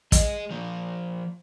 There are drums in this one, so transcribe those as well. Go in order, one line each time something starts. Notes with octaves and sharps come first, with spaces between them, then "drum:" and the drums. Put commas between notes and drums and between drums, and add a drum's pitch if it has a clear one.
G#4 D#5, drum: kick, hi-hat
F3 A#3